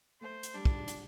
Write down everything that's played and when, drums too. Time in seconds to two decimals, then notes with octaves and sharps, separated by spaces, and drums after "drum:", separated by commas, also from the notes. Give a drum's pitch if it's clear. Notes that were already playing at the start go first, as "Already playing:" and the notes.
0.21 A3 C5
0.43 drum: hi-hat
0.54 G3 D4
0.65 drum: kick
0.88 drum: hi-hat